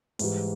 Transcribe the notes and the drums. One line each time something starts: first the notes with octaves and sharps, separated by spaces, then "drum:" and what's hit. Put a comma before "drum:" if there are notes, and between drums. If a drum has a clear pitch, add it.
G#2 E3 G3, drum: open hi-hat